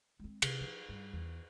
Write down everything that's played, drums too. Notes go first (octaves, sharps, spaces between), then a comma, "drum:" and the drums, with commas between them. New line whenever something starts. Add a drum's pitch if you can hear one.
G#3 C4
C3, drum: cymbal
F3
G2
E2